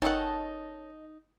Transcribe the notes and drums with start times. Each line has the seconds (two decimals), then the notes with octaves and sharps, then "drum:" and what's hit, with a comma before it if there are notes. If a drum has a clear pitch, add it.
0.02 D#3 C#4 D#4 A4 D#5 F#5 A5, drum: kick G1